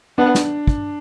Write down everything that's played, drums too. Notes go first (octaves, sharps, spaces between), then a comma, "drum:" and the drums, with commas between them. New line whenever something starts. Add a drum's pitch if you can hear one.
B3 D4
drum: snare
drum: kick